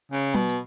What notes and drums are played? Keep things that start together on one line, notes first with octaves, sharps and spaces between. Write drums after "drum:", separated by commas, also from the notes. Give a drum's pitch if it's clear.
C#3
B2, drum: tom F#3
drum: hi-hat